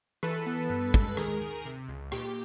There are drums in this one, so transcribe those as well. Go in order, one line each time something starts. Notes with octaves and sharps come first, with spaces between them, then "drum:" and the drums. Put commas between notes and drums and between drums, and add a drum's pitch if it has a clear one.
E3 A4 B4, drum: rim click
B3
G2
G#3, drum: kick
D#3 G#4 A#4, drum: rim click
D#3
C3
C#2
A#2 G4, drum: rim click